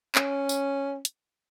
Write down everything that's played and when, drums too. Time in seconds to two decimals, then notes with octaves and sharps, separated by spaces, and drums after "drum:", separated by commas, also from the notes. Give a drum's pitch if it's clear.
0.15 C#4, drum: clap
0.49 drum: tambourine
1.05 drum: hi-hat